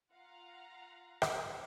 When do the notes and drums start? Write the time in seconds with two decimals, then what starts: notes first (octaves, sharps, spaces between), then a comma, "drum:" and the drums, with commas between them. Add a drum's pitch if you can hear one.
0.13 F4 F5 F#5 A#5
1.22 drum: rim click